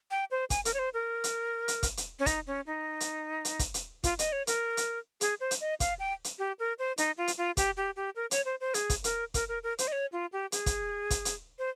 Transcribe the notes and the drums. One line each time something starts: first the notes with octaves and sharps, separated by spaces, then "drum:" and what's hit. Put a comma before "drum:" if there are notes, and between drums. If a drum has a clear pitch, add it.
G5
C5
G#5, drum: kick, hi-hat
A#4, drum: hi-hat
C#5
C5
A#4
drum: hi-hat
drum: hi-hat
drum: kick, hi-hat
drum: hi-hat
C#4
D#4, drum: kick, hi-hat
C#4
D#4
drum: hi-hat
drum: hi-hat
drum: kick, hi-hat
drum: hi-hat
F4, drum: kick, hi-hat
D#5, drum: hi-hat
C#5
A#4, drum: hi-hat
drum: hi-hat
G#4, drum: hi-hat
C5
drum: hi-hat
D#5
F5, drum: kick, hi-hat
G5
drum: hi-hat
G4
A#4
C5
D#4, drum: hi-hat
F4
drum: hi-hat
F4
G4, drum: kick, hi-hat
G4
G4
A#4
C#5, drum: hi-hat
C5
C5
G#4, drum: hi-hat
drum: kick, hi-hat
A#4, drum: hi-hat
A#4, drum: kick, hi-hat
A#4
A#4
C5, drum: hi-hat
D#5
C#5
F4
G4
G#4, drum: hi-hat
drum: kick, hi-hat
drum: kick, hi-hat
drum: hi-hat
C5